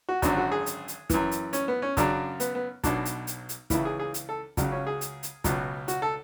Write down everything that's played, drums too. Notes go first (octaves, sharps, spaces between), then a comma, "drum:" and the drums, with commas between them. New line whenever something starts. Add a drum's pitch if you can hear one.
F#4
G#1 F#2 D3 F#4, drum: kick, hi-hat
F#4
G#4
drum: hi-hat
drum: hi-hat
F#2 E3, drum: kick, hi-hat
drum: hi-hat
C#4, drum: hi-hat
B3
C#4
F#2 C#3 F#3 D4, drum: kick, hi-hat
B3, drum: hi-hat
B3
B1 B2 F#3 D4, drum: kick, hi-hat
drum: hi-hat
drum: hi-hat
drum: hi-hat
C#2 C#3 E3 E4, drum: kick, hi-hat
G#4
G#4
drum: hi-hat
A4
C#2 C#3 F#3, drum: kick, hi-hat
C#4
G#4
drum: hi-hat
drum: hi-hat
C#2 B2 F#3, drum: kick, hi-hat
F#4, drum: hi-hat
A4